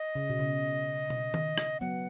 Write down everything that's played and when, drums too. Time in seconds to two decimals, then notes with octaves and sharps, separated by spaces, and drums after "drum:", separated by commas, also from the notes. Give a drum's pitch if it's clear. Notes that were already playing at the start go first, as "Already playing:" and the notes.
Already playing: D#5
0.15 C#3
0.30 B2
0.39 C#3
1.10 drum: tom B2
1.34 drum: tom D#3
1.58 drum: rim click
1.81 F#3 B3 F#5